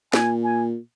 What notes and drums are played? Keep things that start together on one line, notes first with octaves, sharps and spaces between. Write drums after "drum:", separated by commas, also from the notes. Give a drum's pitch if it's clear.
A#2 G#5, drum: snare
G#5